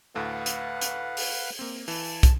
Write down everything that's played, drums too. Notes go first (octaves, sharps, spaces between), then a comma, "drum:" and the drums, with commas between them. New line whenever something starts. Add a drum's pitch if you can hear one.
D2 A2 A4 B4 F5 F#5
drum: hi-hat
drum: hi-hat
drum: open hi-hat
A#3 C4
E3 A5, drum: open hi-hat
drum: kick, hi-hat